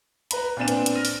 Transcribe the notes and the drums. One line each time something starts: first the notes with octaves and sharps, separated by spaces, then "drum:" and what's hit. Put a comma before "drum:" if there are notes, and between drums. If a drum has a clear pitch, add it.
B4 A#5 B5, drum: hi-hat
A#2 B3 C4 D4 D#7 E7
drum: hi-hat
drum: hi-hat
F6 A#6 D#7
drum: open hi-hat